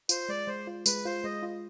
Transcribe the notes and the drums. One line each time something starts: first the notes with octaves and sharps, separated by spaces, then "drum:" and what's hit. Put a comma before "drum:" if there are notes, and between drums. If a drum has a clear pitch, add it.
F4 C5, drum: tambourine
G#3 D5
G#3 C5
F4
G#3 B4, drum: tambourine
F4 C5
G#3 D#5
F4